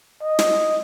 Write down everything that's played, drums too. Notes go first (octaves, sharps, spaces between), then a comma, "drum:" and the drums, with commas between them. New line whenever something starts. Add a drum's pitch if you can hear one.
D#5
drum: snare